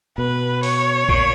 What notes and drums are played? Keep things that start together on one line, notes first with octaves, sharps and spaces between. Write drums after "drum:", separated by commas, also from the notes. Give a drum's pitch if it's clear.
B2 B4
C#5, drum: open hi-hat
A#2, drum: kick